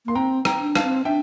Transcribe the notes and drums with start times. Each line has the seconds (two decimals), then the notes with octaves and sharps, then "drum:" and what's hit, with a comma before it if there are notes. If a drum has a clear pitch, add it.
0.06 A#3 C6
0.15 C4 G5 A#5
0.45 G5 A#5, drum: rim click
0.60 D4
0.75 F5 A5, drum: rim click
0.83 C4
1.05 D4 E5 G5